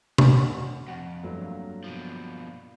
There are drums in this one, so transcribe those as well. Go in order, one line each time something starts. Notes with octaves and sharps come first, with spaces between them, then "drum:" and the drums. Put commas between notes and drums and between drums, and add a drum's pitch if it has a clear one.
C#4 F#4, drum: tom C3
F2 F#5
G1 F#3 A3
G2 A#3 F5
B2 F3